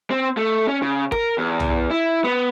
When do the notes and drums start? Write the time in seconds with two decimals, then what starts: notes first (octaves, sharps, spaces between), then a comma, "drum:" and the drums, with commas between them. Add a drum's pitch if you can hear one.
0.11 C4
0.37 A3
0.68 C#4
0.82 C#3
1.12 A#4, drum: kick
1.38 E2
1.60 drum: tom
1.90 E4
2.24 B3